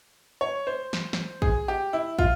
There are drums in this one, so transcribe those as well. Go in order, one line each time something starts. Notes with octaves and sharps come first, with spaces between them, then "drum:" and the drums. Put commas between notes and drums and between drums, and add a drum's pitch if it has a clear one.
C#5
C5
drum: snare
drum: snare
G#4, drum: kick
G4
E4
F4, drum: kick